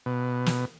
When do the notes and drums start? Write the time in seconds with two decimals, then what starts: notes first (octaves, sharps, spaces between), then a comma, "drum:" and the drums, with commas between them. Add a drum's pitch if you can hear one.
0.06 B2
0.46 drum: snare